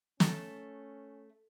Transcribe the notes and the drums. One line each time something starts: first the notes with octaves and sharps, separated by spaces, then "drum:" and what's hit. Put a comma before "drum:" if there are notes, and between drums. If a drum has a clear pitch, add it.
A3 C#4, drum: snare